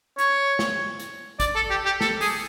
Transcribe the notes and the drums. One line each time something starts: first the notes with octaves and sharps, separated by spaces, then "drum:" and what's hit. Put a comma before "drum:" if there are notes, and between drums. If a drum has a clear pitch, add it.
C#5, drum: hi-hat
drum: snare
drum: hi-hat
D5, drum: kick A1, hi-hat
A4
G4
G4
A4, drum: snare
G#4, drum: open hi-hat